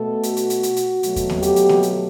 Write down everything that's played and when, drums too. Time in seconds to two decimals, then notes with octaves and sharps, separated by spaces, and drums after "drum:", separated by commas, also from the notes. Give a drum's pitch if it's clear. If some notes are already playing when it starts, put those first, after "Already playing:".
Already playing: B2 A3 A4
0.23 F#4, drum: hi-hat
0.37 drum: hi-hat
0.50 drum: hi-hat
0.63 drum: hi-hat
0.76 drum: hi-hat
1.03 B2 F#3 A3, drum: hi-hat
1.16 drum: kick E2, hi-hat
1.30 drum: snare A#3
1.42 G4, drum: hi-hat
1.56 drum: hi-hat
1.69 drum: snare A#3
1.83 drum: hi-hat